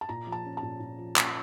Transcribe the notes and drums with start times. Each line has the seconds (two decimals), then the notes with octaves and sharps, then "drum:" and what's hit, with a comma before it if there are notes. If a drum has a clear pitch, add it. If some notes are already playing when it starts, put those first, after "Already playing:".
0.01 A5
0.09 A#2 A#5
0.27 F3
0.32 A5
0.45 C#4
0.57 A5
0.63 A#2
0.80 A#2
0.98 F3
1.16 C#4, drum: clap